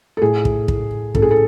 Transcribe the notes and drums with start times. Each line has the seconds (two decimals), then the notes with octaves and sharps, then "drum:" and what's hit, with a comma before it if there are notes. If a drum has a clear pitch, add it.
0.17 A4
0.22 A2 G#4
0.45 drum: kick
0.68 A2, drum: kick
1.15 A1 A4, drum: kick
1.22 G#4
1.31 A4